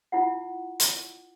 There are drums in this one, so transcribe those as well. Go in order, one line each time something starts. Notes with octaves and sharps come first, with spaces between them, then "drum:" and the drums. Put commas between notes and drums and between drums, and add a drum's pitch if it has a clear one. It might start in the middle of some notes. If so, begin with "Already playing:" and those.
E4 F4 F#5
drum: hi-hat